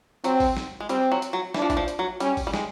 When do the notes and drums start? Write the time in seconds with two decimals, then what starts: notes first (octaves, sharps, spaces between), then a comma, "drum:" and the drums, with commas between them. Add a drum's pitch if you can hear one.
0.24 F#3 C4, drum: hi-hat
0.40 drum: kick, open hi-hat
0.57 drum: snare
0.80 G#3
0.89 G3 C4, drum: hi-hat
1.12 F#3
1.22 drum: hi-hat
1.33 F#3
1.54 E3 D4, drum: snare
1.62 F3
1.70 E3, drum: kick, hi-hat
1.77 F3
1.88 drum: hi-hat
1.99 F#3
2.20 G3 C#4, drum: hi-hat
2.37 drum: kick, open hi-hat
2.47 G3
2.54 G#3, drum: snare